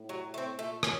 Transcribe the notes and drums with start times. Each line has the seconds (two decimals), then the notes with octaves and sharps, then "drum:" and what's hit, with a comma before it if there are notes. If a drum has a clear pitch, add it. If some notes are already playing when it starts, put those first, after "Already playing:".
Already playing: A2
0.09 F#3
0.34 A3 C4
0.59 A#2 A3
0.83 C#4, drum: rim click